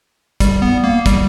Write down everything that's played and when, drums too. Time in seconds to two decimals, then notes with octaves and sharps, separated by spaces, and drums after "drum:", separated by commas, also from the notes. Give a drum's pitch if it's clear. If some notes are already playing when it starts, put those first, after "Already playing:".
0.40 G3, drum: kick, hi-hat
0.62 B3
0.84 A#3
1.06 G3, drum: kick, hi-hat